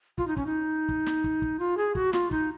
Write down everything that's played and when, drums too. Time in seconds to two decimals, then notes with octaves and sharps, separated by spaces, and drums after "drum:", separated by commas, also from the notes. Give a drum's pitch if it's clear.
0.18 F4, drum: kick
0.27 D#4
0.37 C#4, drum: kick
0.46 D#4
0.89 drum: kick
1.06 drum: snare
1.24 drum: kick
1.42 drum: kick
1.59 F4
1.77 G#4
1.95 F#4, drum: kick
2.13 F4, drum: snare
2.31 D#4, drum: kick